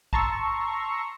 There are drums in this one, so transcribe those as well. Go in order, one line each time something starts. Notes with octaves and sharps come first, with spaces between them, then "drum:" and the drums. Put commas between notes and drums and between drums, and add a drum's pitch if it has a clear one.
A5 A#5 C6 C#6 E6, drum: kick B1